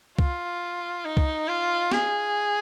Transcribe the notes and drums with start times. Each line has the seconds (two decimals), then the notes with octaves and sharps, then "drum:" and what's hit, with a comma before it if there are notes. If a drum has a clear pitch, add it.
0.19 F4, drum: kick C2
1.05 D#4
1.17 drum: kick C2
1.48 F4
1.92 G#4, drum: snare